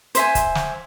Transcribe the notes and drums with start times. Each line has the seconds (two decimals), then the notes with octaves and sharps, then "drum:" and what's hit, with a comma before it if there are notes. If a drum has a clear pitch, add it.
0.15 C5 E5 G#5, drum: hi-hat
0.35 drum: kick, hi-hat
0.55 drum: snare